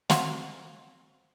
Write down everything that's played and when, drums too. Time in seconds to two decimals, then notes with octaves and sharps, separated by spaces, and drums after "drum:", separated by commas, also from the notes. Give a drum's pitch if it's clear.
0.10 C4 F#4 F5, drum: snare